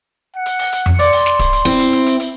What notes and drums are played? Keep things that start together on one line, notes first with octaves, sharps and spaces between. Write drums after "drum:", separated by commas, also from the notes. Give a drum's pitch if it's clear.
F#5 C#7
drum: hi-hat
drum: open hi-hat
drum: hi-hat
drum: tom F2
D5 C6, drum: hi-hat
drum: open hi-hat
drum: snare
drum: kick D1, hi-hat
drum: hi-hat
C4 E4, drum: hi-hat
drum: hi-hat
drum: hi-hat
drum: hi-hat
drum: hi-hat